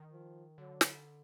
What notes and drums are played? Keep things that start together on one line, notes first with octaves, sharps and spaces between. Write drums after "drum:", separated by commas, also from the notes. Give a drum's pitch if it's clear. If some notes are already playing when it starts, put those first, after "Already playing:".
Already playing: D#3
F3
D3 F#3
drum: snare